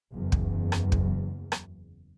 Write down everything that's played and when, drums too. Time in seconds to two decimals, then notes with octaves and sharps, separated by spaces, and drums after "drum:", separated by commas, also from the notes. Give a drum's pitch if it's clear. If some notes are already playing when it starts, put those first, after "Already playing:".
0.12 F#1 E2
0.32 drum: kick
0.72 drum: rim click
0.92 drum: kick
1.52 drum: rim click